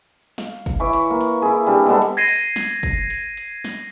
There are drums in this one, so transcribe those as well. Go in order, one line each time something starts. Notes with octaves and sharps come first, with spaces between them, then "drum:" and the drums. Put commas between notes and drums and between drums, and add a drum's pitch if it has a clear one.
F5, drum: snare
drum: kick, hi-hat
E3 E4 C#5 D6
drum: hi-hat
A#3
drum: hi-hat
E4 G#4
G3 D4
D3 G#3 B3 A4
drum: hi-hat
G#6 A#6 C7 D#7
drum: hi-hat
drum: snare
drum: kick, hi-hat
drum: hi-hat
drum: hi-hat
drum: snare